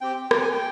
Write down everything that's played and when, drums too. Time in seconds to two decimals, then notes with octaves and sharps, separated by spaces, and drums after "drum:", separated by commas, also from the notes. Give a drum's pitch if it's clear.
0.01 C4 G4 G5
0.31 C4 G4 G5, drum: rim click
0.41 G#5
0.52 G5